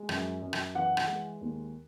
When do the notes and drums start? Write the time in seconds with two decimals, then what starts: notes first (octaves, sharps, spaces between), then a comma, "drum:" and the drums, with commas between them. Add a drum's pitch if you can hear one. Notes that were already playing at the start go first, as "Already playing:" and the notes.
Already playing: G#3
0.09 F#2, drum: rim click
0.42 F#2
0.53 drum: rim click
0.75 E3 F#5
0.97 drum: rim click
1.07 G#3
1.41 D#2